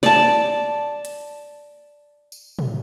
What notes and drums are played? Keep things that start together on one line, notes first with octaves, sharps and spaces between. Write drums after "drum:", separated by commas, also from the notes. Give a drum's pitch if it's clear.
D5 A5, drum: snare
drum: hi-hat
drum: tambourine
drum: tom